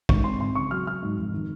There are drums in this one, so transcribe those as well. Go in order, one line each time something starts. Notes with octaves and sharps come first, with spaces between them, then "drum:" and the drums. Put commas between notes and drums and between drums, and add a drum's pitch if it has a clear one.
G#2 C#6, drum: kick
C4 C6
C4 C6
C#3 C#6
F#3 F6
F#3 F6
G#2
F1
D#3